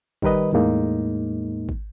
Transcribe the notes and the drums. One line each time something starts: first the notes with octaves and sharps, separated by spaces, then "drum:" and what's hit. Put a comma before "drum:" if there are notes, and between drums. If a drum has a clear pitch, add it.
D#3 G3 A#4 B4 D#5, drum: kick G#1
E2 A2 G#3 A#3 D#4
drum: kick G#1